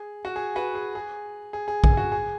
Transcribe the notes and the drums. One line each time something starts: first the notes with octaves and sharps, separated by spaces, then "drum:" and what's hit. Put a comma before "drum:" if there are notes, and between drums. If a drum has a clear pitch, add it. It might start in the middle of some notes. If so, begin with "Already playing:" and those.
Already playing: G#4
F#4
G#4
F#4 B4
G#4
G#4
G#4
G#4
G#4, drum: kick A#1
F#4
G#4